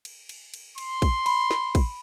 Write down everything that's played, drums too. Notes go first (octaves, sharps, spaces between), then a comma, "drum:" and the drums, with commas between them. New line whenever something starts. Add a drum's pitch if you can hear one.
drum: cymbal
drum: cymbal
drum: cymbal
C6, drum: cymbal
drum: kick, cymbal
B5, drum: cymbal
drum: snare
drum: kick, cymbal